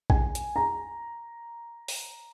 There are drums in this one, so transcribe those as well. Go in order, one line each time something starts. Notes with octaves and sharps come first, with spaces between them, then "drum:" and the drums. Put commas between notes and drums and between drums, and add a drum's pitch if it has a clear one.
G#5, drum: kick A#1
drum: hi-hat
A#5
drum: open hi-hat